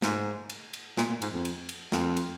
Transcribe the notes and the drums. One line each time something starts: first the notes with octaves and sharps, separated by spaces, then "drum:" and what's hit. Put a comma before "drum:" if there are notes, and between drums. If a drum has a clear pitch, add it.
G#2, drum: snare
drum: cymbal
drum: cymbal
A#2, drum: snare
A#2
G#2, drum: cymbal
F2
drum: cymbal
drum: cymbal
F2, drum: snare
drum: cymbal